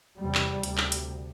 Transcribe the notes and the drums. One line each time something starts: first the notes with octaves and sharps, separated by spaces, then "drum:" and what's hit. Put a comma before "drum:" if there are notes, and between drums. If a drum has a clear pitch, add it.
E2 C3 G3
drum: clap
D2 C3, drum: hi-hat
drum: clap
drum: hi-hat